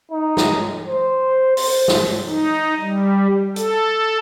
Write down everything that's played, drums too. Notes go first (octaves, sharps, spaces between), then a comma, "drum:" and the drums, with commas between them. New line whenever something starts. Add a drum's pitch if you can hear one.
D#4
drum: snare
C5
C5, drum: open hi-hat
drum: snare
D#4
G3
A4, drum: hi-hat